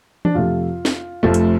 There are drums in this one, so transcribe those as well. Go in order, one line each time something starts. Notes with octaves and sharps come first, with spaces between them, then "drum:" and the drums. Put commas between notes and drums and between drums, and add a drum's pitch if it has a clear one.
D4, drum: tom E3
F2 C3 A3 F4
drum: snare
F1 F2 F3 A3
drum: hi-hat